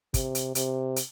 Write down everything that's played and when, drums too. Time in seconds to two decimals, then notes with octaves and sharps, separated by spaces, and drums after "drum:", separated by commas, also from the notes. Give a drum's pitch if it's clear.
0.14 C3, drum: kick, hi-hat
0.35 drum: hi-hat
0.55 C3, drum: hi-hat
0.96 drum: hi-hat